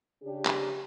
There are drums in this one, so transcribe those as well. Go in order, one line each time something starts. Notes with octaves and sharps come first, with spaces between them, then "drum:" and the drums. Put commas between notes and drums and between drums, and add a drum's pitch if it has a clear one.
C#3 C#4 D4 G4
drum: clap